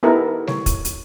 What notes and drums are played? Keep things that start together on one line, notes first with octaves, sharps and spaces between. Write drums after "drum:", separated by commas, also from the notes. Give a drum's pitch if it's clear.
B3 D#4 E4 G4 A4 A#4
C#5, drum: snare G3
drum: kick, hi-hat
drum: hi-hat